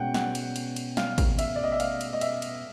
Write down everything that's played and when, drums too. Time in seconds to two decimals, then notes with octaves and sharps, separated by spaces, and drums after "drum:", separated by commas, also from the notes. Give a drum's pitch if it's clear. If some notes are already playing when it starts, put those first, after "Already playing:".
Already playing: B2 G#3 C#4 F#5 G5
0.14 F#5, drum: snare
0.35 drum: cymbal
0.56 drum: cymbal
0.76 drum: cymbal
0.97 F5, drum: snare
1.18 drum: kick G#1, cymbal
1.39 E5, drum: cymbal
1.56 D5
1.64 D#5
1.72 E5
1.80 F5, drum: cymbal
2.01 drum: cymbal
2.13 D#5
2.21 E5, drum: cymbal
2.42 drum: cymbal